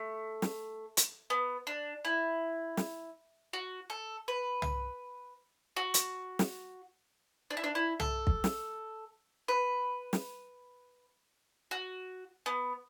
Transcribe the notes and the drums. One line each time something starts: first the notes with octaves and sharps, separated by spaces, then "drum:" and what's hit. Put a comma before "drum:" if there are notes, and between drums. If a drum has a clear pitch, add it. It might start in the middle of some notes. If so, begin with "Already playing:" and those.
Already playing: A3
drum: snare
drum: hi-hat
B3
D4
E4
drum: snare
F#4
A4
B4
drum: tom
F#4
drum: hi-hat
drum: snare
D4
E4
D4
E4
A4, drum: tom
drum: kick
drum: snare
B4
drum: snare
F#4
B3